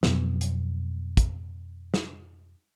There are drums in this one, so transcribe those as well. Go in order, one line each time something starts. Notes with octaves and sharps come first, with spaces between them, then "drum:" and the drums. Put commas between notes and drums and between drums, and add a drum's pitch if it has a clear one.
F2 B2 F#3 B3, drum: snare
drum: hi-hat
drum: kick, hi-hat
drum: snare